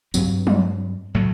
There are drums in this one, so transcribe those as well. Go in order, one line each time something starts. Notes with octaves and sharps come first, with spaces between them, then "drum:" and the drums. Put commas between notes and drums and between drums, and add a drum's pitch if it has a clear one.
G2 F#3 C4, drum: tambourine
drum: tom
A2 F#3 A3